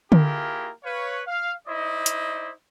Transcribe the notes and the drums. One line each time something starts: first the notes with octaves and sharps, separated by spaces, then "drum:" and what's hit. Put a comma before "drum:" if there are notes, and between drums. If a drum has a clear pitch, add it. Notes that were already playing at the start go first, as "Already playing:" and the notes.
A#3 E4 F4 G4 G#4 A#4, drum: tom D3
B4 C#5 F5
F5
D#4 E4 C5 D5 D#5
drum: hi-hat